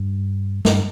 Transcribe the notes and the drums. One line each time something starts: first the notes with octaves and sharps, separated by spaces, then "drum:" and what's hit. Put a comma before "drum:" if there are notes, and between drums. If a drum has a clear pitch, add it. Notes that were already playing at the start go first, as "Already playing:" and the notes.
Already playing: G2
G2, drum: snare